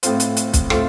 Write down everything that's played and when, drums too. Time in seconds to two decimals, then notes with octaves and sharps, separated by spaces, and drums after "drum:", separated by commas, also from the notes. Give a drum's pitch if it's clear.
0.03 A2 A3 C4 F4 C5, drum: hi-hat
0.20 drum: hi-hat
0.37 drum: hi-hat
0.53 drum: kick B1, hi-hat
0.70 A2 A3 C4 F4 C5, drum: rim click